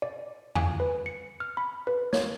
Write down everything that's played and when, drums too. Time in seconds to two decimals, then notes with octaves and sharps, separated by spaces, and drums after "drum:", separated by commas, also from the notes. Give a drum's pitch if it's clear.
0.02 D5
0.55 G#5, drum: tom
0.80 B4
1.06 C#7
1.40 F6
1.57 B5
1.87 B4
2.13 C#5, drum: snare